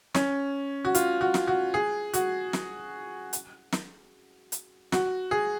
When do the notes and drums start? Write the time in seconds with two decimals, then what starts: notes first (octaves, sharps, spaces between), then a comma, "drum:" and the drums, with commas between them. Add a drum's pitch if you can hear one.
0.14 C#4, drum: snare
0.85 F#4
0.95 F4, drum: hi-hat
1.21 F#4
1.34 drum: snare
1.47 F#4
1.74 G#4
2.13 F#4, drum: hi-hat
2.53 drum: snare
3.33 drum: hi-hat
3.72 drum: snare
4.52 drum: hi-hat
4.92 F#4, drum: snare
5.31 G#4